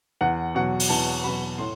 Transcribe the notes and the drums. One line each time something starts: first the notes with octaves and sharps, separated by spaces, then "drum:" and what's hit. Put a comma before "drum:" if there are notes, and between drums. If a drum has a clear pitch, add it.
E2 F#5
B2 F#3 F#5
drum: open hi-hat
E2 A5
B2 F#3 B5
A2 C6